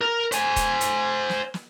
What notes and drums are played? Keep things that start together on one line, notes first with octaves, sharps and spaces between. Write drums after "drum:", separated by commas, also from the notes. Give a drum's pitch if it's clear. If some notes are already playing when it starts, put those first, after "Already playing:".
A#4
C5 G#5, drum: hi-hat
drum: kick D#1, hi-hat
drum: hi-hat
drum: snare
drum: snare